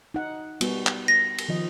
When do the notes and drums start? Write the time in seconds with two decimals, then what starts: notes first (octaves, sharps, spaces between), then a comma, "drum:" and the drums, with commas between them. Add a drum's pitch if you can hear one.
0.14 D#4 F#5
0.61 G3 B3 F#4, drum: cymbal
0.87 drum: clap
1.08 A#6
1.38 drum: cymbal
1.49 D#3 F3 D#5